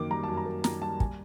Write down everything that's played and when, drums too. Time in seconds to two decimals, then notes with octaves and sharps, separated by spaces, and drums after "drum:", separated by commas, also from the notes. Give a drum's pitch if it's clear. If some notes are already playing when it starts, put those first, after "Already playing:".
Already playing: F#2 D#3 A#3 D6
0.10 G3 A#5
0.23 F#2 A5
0.37 A#5
0.46 A#3
0.64 D#3 A#5, drum: snare
0.82 G3 A5
1.00 G#5, drum: kick